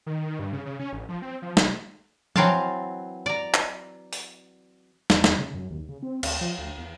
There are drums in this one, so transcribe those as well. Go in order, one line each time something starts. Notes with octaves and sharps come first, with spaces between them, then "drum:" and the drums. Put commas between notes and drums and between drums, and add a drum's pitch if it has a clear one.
D#3
D#3
G2
C#3
C#3
C#4
A1
F3
C4
F3
C2, drum: snare
E3 F#3 C4 F5 A5, drum: tom F3
D5 A#5
drum: clap
drum: open hi-hat
E2, drum: snare
E2, drum: snare
C#3
F#2
D#2
C#3
C4
D2, drum: cymbal
F3
D2
E2